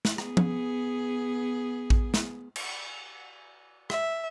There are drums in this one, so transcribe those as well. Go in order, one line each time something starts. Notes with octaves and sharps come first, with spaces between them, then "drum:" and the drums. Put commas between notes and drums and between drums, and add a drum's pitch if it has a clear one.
drum: snare
B3 G#4, drum: rim click
drum: tom
drum: kick A1
drum: snare
drum: cymbal
E5, drum: rim click